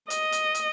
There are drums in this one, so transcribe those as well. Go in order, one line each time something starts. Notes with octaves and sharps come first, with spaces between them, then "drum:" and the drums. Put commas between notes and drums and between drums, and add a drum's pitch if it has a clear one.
D#5, drum: hi-hat
drum: hi-hat
drum: hi-hat